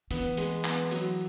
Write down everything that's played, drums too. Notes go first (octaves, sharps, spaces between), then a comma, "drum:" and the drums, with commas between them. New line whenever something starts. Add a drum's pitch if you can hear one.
E3 B3, drum: hi-hat
G#3, drum: hi-hat
B3, drum: clap
F#3, drum: hi-hat